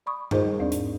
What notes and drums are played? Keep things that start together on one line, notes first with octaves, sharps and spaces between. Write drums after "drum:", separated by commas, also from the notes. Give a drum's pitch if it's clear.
D5 B5 C#6 D#6
D#4 F4 G#4 A#4 C5 D#5, drum: tom G2
G3
E2 C4 D4 D5
G#2, drum: hi-hat